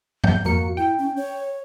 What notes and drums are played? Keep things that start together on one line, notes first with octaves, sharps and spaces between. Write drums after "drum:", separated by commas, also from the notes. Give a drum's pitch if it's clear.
G6, drum: tom G#2
F2 A#3 F#4 C#7
E4 G5
C#4
C#5